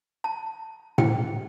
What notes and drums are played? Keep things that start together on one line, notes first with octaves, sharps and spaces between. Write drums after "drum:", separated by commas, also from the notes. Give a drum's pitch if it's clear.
A5
G5, drum: tom A2